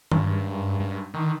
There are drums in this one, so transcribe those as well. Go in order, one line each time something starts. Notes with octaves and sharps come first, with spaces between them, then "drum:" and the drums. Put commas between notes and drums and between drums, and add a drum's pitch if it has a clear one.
G2, drum: tom D#3
G2
D#3